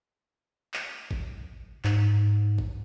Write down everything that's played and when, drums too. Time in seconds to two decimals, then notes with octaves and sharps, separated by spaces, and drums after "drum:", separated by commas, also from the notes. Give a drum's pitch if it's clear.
0.74 drum: clap
1.11 drum: kick G#1
1.85 G#2, drum: clap
2.58 drum: kick G#1